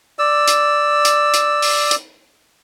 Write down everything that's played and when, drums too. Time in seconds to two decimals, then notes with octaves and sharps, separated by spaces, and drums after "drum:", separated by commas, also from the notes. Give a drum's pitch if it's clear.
0.19 D5 E6
0.48 drum: hi-hat
1.05 drum: hi-hat
1.34 drum: hi-hat
1.62 drum: open hi-hat
1.91 drum: hi-hat